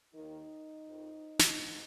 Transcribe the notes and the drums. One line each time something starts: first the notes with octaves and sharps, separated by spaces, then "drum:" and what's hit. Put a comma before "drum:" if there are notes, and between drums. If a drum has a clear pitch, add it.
D#2 D#3 D#4
F2 D#3
drum: snare
G#2